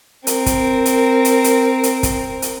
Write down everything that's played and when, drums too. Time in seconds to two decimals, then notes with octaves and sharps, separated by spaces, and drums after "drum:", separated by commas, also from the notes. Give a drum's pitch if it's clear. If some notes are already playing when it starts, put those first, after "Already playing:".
0.27 C4 A#4, drum: hi-hat
0.46 drum: kick, hi-hat
0.85 drum: hi-hat
1.25 drum: hi-hat
1.44 drum: hi-hat
1.83 drum: hi-hat
2.03 drum: kick, hi-hat
2.42 drum: hi-hat